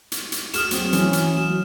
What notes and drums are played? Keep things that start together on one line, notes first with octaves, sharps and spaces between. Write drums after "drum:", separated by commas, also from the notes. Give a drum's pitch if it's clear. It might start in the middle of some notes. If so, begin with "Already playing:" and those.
drum: hi-hat
drum: hi-hat
F#4 G#4 D#6 F6 E7, drum: hi-hat
F#3 C4, drum: hi-hat
E3 C#4, drum: hi-hat
drum: hi-hat
F#3 E7